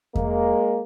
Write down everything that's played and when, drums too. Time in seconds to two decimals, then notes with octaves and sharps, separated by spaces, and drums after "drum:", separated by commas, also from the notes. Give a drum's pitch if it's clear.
0.15 G#3 A#3, drum: kick E2